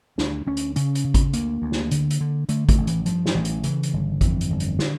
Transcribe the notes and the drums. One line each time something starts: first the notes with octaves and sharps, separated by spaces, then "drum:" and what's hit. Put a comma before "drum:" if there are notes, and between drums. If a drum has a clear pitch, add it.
D2 D4, drum: snare
D2 C#4
drum: hi-hat
C#3 C#4, drum: hi-hat
drum: hi-hat
C#3
drum: kick G#1, hi-hat
D2 A#3, drum: hi-hat
D2
drum: snare
D3, drum: hi-hat
drum: hi-hat
D3
D3 A3, drum: hi-hat
A3, drum: kick G#1, hi-hat
A1
E3, drum: hi-hat
G2 F3, drum: hi-hat
drum: snare
A1 E3
drum: hi-hat
C#3 E3, drum: hi-hat
drum: hi-hat
G1
F2 E3, drum: kick G#1, hi-hat
drum: hi-hat
G1
drum: hi-hat
D3, drum: snare